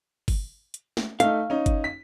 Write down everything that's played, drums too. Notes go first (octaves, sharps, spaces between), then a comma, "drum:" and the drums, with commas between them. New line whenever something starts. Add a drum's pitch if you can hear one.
drum: kick G1, open hi-hat
drum: hi-hat
drum: snare
A3 D#4 F5, drum: hi-hat
C#4 D#4
drum: kick G1, hi-hat
B6